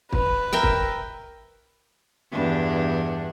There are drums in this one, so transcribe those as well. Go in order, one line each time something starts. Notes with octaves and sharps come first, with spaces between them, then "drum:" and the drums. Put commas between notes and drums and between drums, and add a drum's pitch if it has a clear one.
B4, drum: kick
A#4 E5 G5
drum: kick
E2 G2 D4